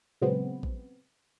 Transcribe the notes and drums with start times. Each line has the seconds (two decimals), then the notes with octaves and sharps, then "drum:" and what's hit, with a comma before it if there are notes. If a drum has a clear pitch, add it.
0.21 A#2 C#3 F#3 G#3 B3 C4
0.63 drum: kick A1